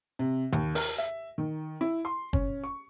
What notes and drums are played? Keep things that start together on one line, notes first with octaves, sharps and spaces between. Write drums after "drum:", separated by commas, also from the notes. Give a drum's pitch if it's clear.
C3
D#2, drum: hi-hat
A#4, drum: open hi-hat
E5
D#3
E4
C6
C#4, drum: kick
C#6